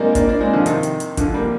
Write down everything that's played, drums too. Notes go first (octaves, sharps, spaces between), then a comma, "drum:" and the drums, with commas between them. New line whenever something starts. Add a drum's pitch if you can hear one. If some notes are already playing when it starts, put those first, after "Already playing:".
Already playing: D#3 G3 G#3 A#3 C4 D4
A#3 D4, drum: kick, hi-hat
A#3 D4
G#3 C4
D3 F3
C3 D#3, drum: hi-hat
drum: hi-hat
drum: hi-hat
D3 F3, drum: kick, hi-hat
G3 A#3